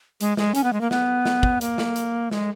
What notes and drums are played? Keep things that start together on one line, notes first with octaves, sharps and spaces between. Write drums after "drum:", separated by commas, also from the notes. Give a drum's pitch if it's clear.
G#3, drum: hi-hat
G#3, drum: snare
C#4, drum: hi-hat
B3
G#3
A#3
B3, drum: snare
drum: snare
drum: kick
A#3, drum: hi-hat
drum: snare
drum: hi-hat
G#3, drum: snare